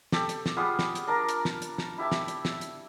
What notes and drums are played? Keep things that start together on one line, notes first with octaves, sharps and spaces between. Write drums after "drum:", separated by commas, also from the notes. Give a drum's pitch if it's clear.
G4 A4, drum: snare
drum: hi-hat
drum: snare
G3 B3 F4 G#4
drum: snare
drum: hi-hat
D4 A#4 A5 A#5
drum: hi-hat
drum: snare
drum: hi-hat
drum: snare
E4 G4 E5 A5
drum: snare
drum: hi-hat
drum: snare
drum: hi-hat